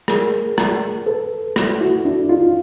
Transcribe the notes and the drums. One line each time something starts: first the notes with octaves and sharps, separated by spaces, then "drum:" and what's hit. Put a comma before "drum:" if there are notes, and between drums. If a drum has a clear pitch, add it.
G#4 A#4, drum: rim click
drum: rim click
A4 B4
drum: rim click
E4 F#4
D4 E4
D#4 F4